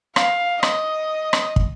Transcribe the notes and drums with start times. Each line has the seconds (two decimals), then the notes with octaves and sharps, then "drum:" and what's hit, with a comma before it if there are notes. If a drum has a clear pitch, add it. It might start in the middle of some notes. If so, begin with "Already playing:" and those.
0.16 F5, drum: rim click
0.63 D#5, drum: rim click
1.33 drum: rim click
1.56 drum: kick